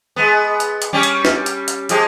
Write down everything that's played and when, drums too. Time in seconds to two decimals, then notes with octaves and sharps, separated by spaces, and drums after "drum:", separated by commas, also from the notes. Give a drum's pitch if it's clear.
0.16 G#3 B3
0.60 drum: hi-hat
0.82 drum: hi-hat
0.93 G3 C#4 G4
1.03 drum: hi-hat
1.25 drum: snare
1.46 drum: hi-hat
1.68 drum: hi-hat
1.89 F3 G#3 G4, drum: hi-hat